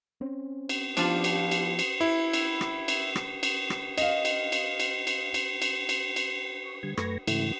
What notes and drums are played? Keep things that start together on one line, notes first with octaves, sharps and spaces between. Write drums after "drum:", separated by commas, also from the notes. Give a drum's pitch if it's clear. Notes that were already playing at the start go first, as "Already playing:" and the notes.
C4 C#4
drum: cymbal
F3 B3 D4 E4 F4 G4, drum: cymbal
drum: cymbal
drum: cymbal
drum: cymbal
E4
drum: cymbal
drum: rim click
drum: cymbal
drum: rim click
drum: cymbal
drum: rim click
D#5 F5, drum: cymbal
drum: cymbal
drum: cymbal
drum: cymbal
drum: cymbal
drum: cymbal
drum: cymbal
drum: cymbal
drum: cymbal
C#6
D3 G3 G#6
F#2 A3 B4 C#6 G#6 A#6, drum: rim click
G#2 C#3 E3 A3 E4, drum: cymbal